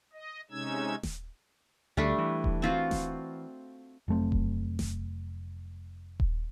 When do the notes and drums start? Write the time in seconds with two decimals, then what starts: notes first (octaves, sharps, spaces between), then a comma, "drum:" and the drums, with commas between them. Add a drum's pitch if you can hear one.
0.13 D#5
0.51 C3 G#3 C#4 D#4 E6 G#6
1.03 drum: snare D#1
1.97 D2 G3 A3 D4
2.18 E3
2.44 drum: kick D#1
2.62 C4 F4 F#4
2.91 drum: snare D#1
4.08 F1 F#3 A3 C4
4.32 drum: kick D#1
4.79 drum: snare D#1
6.20 drum: kick D#1